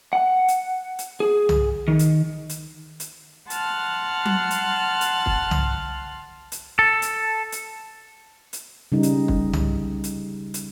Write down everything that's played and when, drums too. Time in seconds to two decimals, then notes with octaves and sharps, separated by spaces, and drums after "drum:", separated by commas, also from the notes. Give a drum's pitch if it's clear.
0.13 F#5
0.48 drum: hi-hat
0.99 drum: hi-hat
1.20 G#4
1.49 drum: tom C2
1.88 D#3
1.99 drum: hi-hat
2.49 drum: hi-hat
3.00 drum: hi-hat
3.50 F#5 A5 C6 F6 F#6, drum: hi-hat
4.25 drum: tom F#3
4.51 drum: hi-hat
5.01 drum: hi-hat
5.26 drum: kick
5.51 drum: tom C2
6.52 drum: hi-hat
6.79 A4
7.02 drum: hi-hat
7.52 drum: hi-hat
8.53 drum: hi-hat
8.92 C#3 G3 D#4
9.03 drum: hi-hat
9.28 drum: kick
9.53 drum: tom C2
10.04 drum: hi-hat
10.54 drum: hi-hat